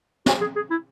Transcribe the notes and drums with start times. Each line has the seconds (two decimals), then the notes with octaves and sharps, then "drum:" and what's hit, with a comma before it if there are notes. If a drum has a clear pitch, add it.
0.26 F#4, drum: snare
0.41 G#4
0.56 G#4
0.70 E4